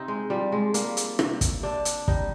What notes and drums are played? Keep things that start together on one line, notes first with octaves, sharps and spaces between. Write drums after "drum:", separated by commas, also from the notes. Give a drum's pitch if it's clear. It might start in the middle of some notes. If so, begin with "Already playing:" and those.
Already playing: C3 C4 D#4
G#3
F3 G3
G#3
G3 A#3, drum: hi-hat
drum: hi-hat
C3, drum: rim click
drum: kick, hi-hat
C3 D4
drum: hi-hat
G3 D#4, drum: kick